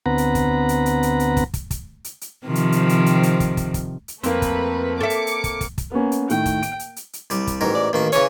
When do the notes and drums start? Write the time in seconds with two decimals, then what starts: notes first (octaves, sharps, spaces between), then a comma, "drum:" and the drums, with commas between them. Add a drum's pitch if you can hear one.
0.06 D2 B3 C4 B4 F#5 A#5
0.18 drum: hi-hat
0.35 drum: kick, hi-hat
0.69 drum: hi-hat
0.86 drum: hi-hat
1.03 drum: hi-hat
1.20 drum: hi-hat
1.37 drum: kick, hi-hat
1.54 drum: kick, hi-hat
1.71 drum: kick, hi-hat
2.04 drum: hi-hat
2.21 drum: hi-hat
2.46 C3 D#3 F3
2.55 drum: hi-hat
2.72 drum: hi-hat
2.89 drum: hi-hat
3.06 drum: hi-hat
3.23 drum: hi-hat
3.40 drum: kick, hi-hat
3.57 drum: kick, hi-hat
3.74 drum: kick, hi-hat
4.08 drum: hi-hat
4.23 F2 A3 A#3 C4 B4, drum: hi-hat
4.42 drum: kick, hi-hat
5.01 A4 E5 D6 C#7
5.10 drum: hi-hat
5.27 drum: hi-hat
5.44 drum: kick, hi-hat
5.61 drum: kick, hi-hat
5.78 drum: kick, hi-hat
5.92 A#3 B3 C#4
6.12 drum: hi-hat
6.30 A2 D#3 G5, drum: hi-hat
6.46 drum: kick, hi-hat
6.62 D7, drum: hi-hat
6.79 drum: hi-hat
6.96 drum: hi-hat
7.13 drum: hi-hat
7.30 C2 G3, drum: hi-hat
7.47 drum: kick, hi-hat
7.61 A1 G#2 D#3 A#4
7.75 D5
7.93 A1 D#3 A#3 A5
8.12 C#3 E3 G#4 C#5, drum: hi-hat